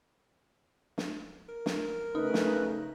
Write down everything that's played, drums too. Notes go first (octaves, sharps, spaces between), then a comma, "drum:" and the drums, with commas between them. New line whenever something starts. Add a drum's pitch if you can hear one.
drum: snare
A#4
drum: snare
C#3 A3 D#4 B4
drum: snare